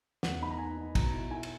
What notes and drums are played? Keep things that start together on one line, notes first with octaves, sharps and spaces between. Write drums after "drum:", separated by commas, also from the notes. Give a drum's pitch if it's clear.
E2 F#5, drum: snare
D#4 B5
A#5
D#4 G#5
D#4
B2 A#5, drum: kick, cymbal
E4
E4 G#5
drum: cymbal